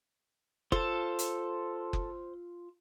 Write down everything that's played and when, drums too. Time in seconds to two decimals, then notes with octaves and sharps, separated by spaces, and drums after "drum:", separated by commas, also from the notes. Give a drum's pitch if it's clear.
0.72 F4 A4 C5 A5, drum: kick F#1
1.19 drum: hi-hat
1.93 drum: kick F#1